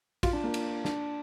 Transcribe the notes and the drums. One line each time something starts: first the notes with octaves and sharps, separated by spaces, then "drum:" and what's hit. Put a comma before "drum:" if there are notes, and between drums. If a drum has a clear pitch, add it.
F4, drum: kick, cymbal
D4
A#3
drum: cymbal
D4, drum: snare